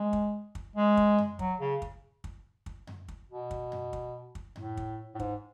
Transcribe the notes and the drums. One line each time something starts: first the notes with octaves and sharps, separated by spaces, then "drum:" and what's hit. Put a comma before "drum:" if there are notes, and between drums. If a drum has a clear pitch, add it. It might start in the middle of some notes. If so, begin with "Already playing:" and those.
Already playing: G#3
drum: kick
drum: kick
G#3
drum: kick
drum: tom F#2
F#3, drum: kick
C#3
drum: kick
drum: kick
drum: kick
drum: tom F#2
drum: kick
B2
drum: kick
drum: tom F#2
drum: kick
drum: kick
A2, drum: tom F#2
drum: kick
A2
G#2, drum: kick